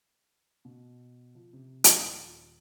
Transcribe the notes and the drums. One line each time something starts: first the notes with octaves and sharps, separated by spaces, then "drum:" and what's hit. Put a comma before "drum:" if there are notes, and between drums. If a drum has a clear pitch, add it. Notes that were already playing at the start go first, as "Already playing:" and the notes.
B2
F3
C3
D#1, drum: hi-hat